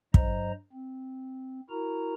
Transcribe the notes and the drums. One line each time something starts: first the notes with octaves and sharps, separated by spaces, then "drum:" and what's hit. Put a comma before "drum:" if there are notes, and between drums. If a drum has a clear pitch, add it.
G2 F#3 C5 D#5 A#5, drum: kick
C4
E4 F#4 A#4 A#5